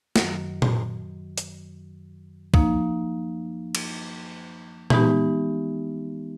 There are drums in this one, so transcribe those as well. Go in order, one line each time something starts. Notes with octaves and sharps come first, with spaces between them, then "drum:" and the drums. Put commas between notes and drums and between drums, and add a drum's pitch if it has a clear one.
F#2 D#3 F#3, drum: snare
drum: tom A#2
drum: hi-hat
F3 A#3 D#4, drum: kick C2
drum: cymbal
E3 G#3 B3 D#4 G4, drum: tom A#2